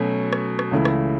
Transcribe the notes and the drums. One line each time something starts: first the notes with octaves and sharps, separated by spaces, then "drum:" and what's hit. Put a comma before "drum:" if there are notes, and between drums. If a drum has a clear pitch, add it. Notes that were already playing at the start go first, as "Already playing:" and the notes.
Already playing: B2 F#3 A3 C#4
drum: rim click
drum: rim click
C#2 C#3 E3 A3 E4
drum: rim click